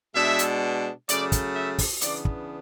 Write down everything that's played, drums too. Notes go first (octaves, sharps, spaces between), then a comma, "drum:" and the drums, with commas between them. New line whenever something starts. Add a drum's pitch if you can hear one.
B2 G#3 B3 D4 E5
drum: hi-hat
C#3 F#3 A3 D5, drum: hi-hat
drum: kick, hi-hat
E5
drum: kick, open hi-hat
C#3 E3 B3 D4 D5, drum: hi-hat
drum: kick